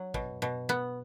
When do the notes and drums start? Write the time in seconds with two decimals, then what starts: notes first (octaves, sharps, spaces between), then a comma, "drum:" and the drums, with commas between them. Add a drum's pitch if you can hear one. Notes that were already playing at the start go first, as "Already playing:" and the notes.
Already playing: F#3
0.14 B2, drum: kick
0.42 B2
0.69 B3